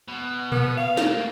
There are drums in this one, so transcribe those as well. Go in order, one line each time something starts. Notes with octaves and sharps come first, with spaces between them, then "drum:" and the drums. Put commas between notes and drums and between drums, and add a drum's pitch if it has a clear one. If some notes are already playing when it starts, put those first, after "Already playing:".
B2
B3, drum: tom A#2
F5
A3 A#3, drum: snare